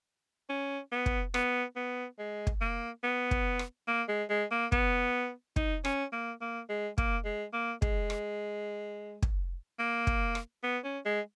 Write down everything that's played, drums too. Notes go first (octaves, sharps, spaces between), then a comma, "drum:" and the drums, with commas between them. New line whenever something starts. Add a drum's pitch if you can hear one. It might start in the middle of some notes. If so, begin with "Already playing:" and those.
C#4
B3
drum: kick
B3, drum: rim click
B3
G#3
drum: kick
A#3
B3
drum: kick
drum: rim click
A#3
G#3
G#3
A#3
B3, drum: kick
D#4, drum: kick
C#4, drum: rim click
A#3
A#3
G#3
A#3, drum: kick
G#3
A#3
G#3, drum: kick
drum: rim click
drum: kick
A#3
drum: kick
drum: rim click
B3
C#4
G#3